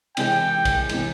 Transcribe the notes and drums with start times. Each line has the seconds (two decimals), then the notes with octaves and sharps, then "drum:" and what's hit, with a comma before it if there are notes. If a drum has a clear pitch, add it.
0.17 C3 E3 G#3 G5, drum: cymbal
0.65 drum: kick, cymbal
0.89 C3 E3 G#3, drum: cymbal